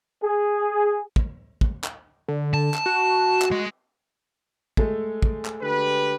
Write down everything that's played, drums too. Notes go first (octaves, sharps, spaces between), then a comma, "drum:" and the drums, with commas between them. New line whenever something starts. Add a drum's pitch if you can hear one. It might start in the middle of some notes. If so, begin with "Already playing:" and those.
G#4
drum: kick
drum: kick
drum: clap
D3
A5
drum: clap
F#4
drum: clap
G#3
G#3 A3 A4, drum: kick
drum: kick
drum: clap
D3 G4 B4